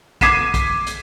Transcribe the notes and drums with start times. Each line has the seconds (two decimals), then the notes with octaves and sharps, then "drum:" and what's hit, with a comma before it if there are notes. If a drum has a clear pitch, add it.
0.21 D6 G#6 B6 C7 D#7 E7, drum: kick, hi-hat
0.54 drum: kick, hi-hat
0.87 drum: hi-hat